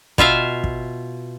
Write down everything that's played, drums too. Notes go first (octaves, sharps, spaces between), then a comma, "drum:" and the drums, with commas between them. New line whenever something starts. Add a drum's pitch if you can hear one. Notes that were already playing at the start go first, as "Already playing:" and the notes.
B2 F4 E5 F5, drum: kick
drum: kick